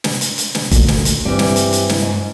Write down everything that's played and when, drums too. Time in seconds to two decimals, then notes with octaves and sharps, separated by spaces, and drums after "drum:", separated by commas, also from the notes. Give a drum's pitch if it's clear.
0.04 drum: snare
0.21 drum: hi-hat
0.38 drum: hi-hat
0.55 drum: snare
0.71 D2 A#2 D3, drum: kick G1, hi-hat
0.88 drum: snare
1.05 drum: hi-hat
1.25 G2 E3 G3 C4
1.39 drum: snare
1.56 drum: hi-hat
1.73 drum: hi-hat
1.89 drum: snare
2.02 G#2